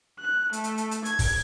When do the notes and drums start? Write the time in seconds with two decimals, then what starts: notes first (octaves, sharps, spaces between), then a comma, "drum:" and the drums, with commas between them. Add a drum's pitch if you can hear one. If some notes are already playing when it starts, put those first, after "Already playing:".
0.20 F#6
0.53 A3, drum: hi-hat
0.64 drum: hi-hat
0.78 drum: hi-hat
0.91 drum: hi-hat
1.05 G#6, drum: hi-hat
1.19 drum: kick, open hi-hat